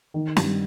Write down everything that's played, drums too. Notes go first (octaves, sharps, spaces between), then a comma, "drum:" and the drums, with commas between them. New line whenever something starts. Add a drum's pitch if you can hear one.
D#3
G2, drum: snare